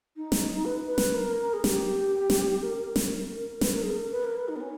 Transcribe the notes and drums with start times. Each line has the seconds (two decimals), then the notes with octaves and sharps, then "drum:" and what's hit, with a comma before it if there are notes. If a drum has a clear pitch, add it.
0.16 D#4
0.32 drum: snare
0.65 B4
0.86 B4
0.98 drum: snare
1.14 A#4
1.53 G#4
1.64 G4, drum: snare
2.30 drum: snare
2.63 A#4
2.96 drum: snare
3.61 B4, drum: snare
3.72 A#4
3.82 G#4
3.93 A#4
4.11 B4
4.24 A#4
4.36 B4
4.48 D#4
4.55 B3
4.60 C#4